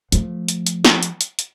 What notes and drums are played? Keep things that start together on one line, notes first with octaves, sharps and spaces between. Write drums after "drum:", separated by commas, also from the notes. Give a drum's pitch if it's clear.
F3 A3, drum: hi-hat
drum: hi-hat
drum: hi-hat
drum: snare
drum: hi-hat
drum: hi-hat
drum: hi-hat